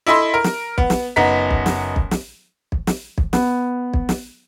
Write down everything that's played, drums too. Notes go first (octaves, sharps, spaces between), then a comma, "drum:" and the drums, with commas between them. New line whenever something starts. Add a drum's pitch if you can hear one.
E4 A4 D#5 E5 B5 C6
A#4
drum: snare
B3, drum: kick B1
drum: snare
F#1 B3 D#4 A#5 B6
drum: kick B1
drum: snare
drum: kick B1
drum: snare
drum: kick B1
drum: snare
drum: kick B1
B3, drum: snare
drum: kick B1
drum: snare